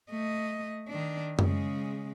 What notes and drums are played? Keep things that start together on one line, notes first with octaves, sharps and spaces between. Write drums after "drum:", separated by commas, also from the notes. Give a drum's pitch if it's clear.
A3 D#5
D#3 D4
C#3 G#3, drum: tom F#2